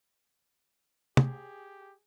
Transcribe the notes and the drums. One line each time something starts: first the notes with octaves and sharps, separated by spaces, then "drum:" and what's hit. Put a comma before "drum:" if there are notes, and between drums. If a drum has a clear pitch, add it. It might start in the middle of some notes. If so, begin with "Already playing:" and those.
G4 G#4, drum: tom